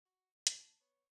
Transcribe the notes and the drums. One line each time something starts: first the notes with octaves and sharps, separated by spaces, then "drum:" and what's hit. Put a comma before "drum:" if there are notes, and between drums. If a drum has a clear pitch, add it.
F#4
G4 G#4, drum: hi-hat
A2 A5
B3 C#5